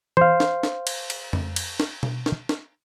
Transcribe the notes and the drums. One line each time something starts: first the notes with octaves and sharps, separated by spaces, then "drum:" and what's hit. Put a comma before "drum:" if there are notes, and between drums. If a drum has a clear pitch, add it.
C5 F5, drum: tom E3
drum: snare
drum: snare
drum: cymbal
drum: cymbal
drum: tom F2
drum: cymbal
drum: snare
drum: tom B2
drum: snare
drum: snare